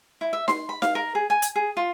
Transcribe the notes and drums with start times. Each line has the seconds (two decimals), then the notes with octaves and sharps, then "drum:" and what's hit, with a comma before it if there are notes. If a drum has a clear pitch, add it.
0.21 E4
0.33 E5
0.48 C6, drum: snare D#4
0.69 B5
0.82 F5, drum: snare D#4
0.95 A#4
1.15 G#4
1.30 G#5
1.42 drum: hi-hat
1.56 G#4
1.77 F4